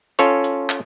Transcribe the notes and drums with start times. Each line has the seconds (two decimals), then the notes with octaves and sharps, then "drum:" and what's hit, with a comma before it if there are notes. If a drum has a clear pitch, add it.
0.19 C#4 F4 A4 C#5, drum: hi-hat
0.44 drum: hi-hat
0.70 drum: clap